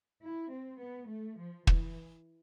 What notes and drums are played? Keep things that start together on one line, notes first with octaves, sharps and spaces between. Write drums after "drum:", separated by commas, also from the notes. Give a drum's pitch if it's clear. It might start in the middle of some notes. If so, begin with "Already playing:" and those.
E4
C4
B3
A3
F3
E3, drum: kick